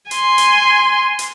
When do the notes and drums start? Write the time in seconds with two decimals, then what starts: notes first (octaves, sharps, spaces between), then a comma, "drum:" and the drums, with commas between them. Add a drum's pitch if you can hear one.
0.11 G#5 C6, drum: hi-hat
0.38 drum: hi-hat
1.19 drum: hi-hat